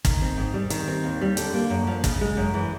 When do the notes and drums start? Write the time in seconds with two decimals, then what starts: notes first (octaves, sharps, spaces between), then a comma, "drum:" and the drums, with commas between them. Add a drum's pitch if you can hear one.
0.05 D#3, drum: kick, hi-hat
0.22 C4
0.37 G#2
0.54 G3
0.70 D#3, drum: hi-hat
0.88 C4
1.04 D#2
1.21 G3
1.37 D3, drum: hi-hat
1.54 A#3
1.70 F#2
1.87 F3
2.04 C#3, drum: kick, hi-hat
2.21 G#3
2.37 F#2
2.54 E3